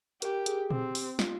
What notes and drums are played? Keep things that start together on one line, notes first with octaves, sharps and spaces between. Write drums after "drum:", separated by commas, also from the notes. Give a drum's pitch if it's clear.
G4 A#4, drum: hi-hat
G#4, drum: hi-hat
C4 G4, drum: tom A#2
drum: open hi-hat
F4, drum: snare